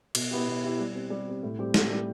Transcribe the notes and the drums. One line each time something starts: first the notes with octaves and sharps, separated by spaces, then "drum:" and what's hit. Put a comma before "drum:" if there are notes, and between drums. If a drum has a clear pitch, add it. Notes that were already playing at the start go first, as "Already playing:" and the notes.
B2, drum: cymbal
B3 E4 G4
B2
B3 E4 G4
G3
C4 G4
G3
C4 G4
A2
G3 C4 G4
A2, drum: snare
G3 C4 G4